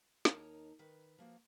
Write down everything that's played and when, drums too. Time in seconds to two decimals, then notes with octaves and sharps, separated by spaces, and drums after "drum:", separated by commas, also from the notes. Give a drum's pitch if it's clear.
0.25 D#2 D#4 A#4 C#5 A5, drum: snare
0.79 D#3 B4
1.18 F3 A#3 F#4